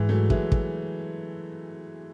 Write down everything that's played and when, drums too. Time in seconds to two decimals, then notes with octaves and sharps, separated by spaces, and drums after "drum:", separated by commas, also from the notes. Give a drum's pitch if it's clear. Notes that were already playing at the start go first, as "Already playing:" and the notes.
Already playing: G#2 E3 G#3
0.09 F#3 A3
0.30 E3 G#3, drum: kick
0.52 drum: kick